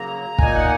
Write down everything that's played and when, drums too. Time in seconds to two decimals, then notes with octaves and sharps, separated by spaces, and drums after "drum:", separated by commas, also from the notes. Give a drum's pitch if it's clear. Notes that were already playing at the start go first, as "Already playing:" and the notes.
Already playing: C#3 F#3 A#3 A#5
0.38 A#2 A#3 D#4 G#5, drum: kick
0.55 F#5